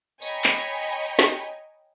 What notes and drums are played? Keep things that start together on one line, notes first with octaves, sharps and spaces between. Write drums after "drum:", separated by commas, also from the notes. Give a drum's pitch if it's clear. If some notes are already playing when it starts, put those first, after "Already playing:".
C#5 D#5 G5 G#5 A#5 B5, drum: tambourine
drum: clap
drum: snare